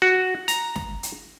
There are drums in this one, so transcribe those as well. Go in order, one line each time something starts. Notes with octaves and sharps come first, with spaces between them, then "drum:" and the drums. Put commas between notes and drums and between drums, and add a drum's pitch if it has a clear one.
F#4
A#5, drum: hi-hat
drum: snare
drum: hi-hat